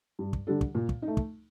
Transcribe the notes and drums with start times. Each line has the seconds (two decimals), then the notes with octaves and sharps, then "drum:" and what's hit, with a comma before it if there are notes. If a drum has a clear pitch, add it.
0.19 G2
0.33 drum: kick
0.47 D3 G3 D4 A4
0.61 drum: kick
0.75 A#2
0.89 drum: kick
1.02 D#4
1.07 A3
1.17 drum: kick